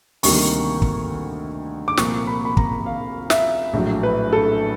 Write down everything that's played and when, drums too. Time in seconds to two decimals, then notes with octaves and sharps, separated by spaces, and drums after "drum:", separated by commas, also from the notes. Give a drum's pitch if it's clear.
0.23 D2 C3 D#3 G3 A#3 C#6, drum: open hi-hat
0.82 drum: kick
1.88 D6
1.97 C2 A#2 F3 A#3 C#6, drum: snare
2.27 B5
2.45 B5
2.57 A#5, drum: kick
2.86 F5
3.30 E5, drum: snare
3.73 A#1 A2 F#3
4.03 B4
4.33 A4